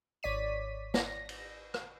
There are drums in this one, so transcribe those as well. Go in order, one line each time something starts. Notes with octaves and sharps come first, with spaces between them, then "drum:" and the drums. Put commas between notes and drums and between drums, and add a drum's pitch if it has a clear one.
G#1 C#5 D5 B6 D#7
A#6, drum: snare
drum: cymbal
drum: rim click